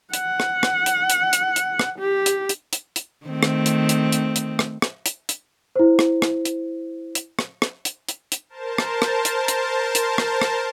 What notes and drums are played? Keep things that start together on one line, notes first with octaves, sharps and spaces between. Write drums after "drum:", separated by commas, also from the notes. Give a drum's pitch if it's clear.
F#5, drum: hi-hat
drum: rim click
drum: rim click
drum: hi-hat
drum: hi-hat
drum: hi-hat
drum: hi-hat
drum: rim click
G4
drum: hi-hat
drum: hi-hat
drum: hi-hat
drum: hi-hat
D#3 A3 C4
drum: rim click
drum: hi-hat
drum: hi-hat
drum: hi-hat
drum: hi-hat
drum: rim click
drum: rim click
drum: hi-hat
drum: hi-hat
E4 C5
drum: rim click
drum: rim click
drum: hi-hat
drum: hi-hat
drum: rim click
drum: rim click
drum: hi-hat
drum: hi-hat
drum: hi-hat
A#4 C5 A5
drum: rim click
drum: rim click
drum: hi-hat
drum: hi-hat
drum: hi-hat
drum: rim click
drum: rim click